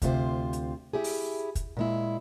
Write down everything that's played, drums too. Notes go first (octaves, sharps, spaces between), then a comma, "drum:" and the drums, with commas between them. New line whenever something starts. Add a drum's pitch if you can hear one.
D2 C3 F4 C5, drum: kick, hi-hat
drum: hi-hat
E4 G4 G#4
drum: open hi-hat
drum: kick, hi-hat
A#2 G#3 E4